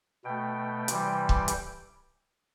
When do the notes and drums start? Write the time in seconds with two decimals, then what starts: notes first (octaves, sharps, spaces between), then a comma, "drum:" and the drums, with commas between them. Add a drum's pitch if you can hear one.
0.24 B2 A3 G5
0.88 C3 E3 G3, drum: hi-hat
1.29 drum: kick C#1
1.48 drum: hi-hat